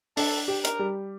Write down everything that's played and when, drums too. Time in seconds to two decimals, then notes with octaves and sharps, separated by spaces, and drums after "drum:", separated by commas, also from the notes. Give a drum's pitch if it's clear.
0.17 D4 A4, drum: open hi-hat
0.48 G4
0.64 A#4, drum: hi-hat
0.79 G3